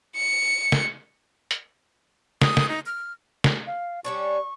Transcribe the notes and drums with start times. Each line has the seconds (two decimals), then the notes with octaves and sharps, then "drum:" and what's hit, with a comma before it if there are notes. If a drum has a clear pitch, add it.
0.16 C#7
0.72 drum: snare
1.51 drum: hi-hat
2.42 D#6, drum: snare
2.57 drum: snare
2.69 D#4
2.86 F6
3.44 drum: snare
3.66 F5
4.05 G3 C#4 D4 C#6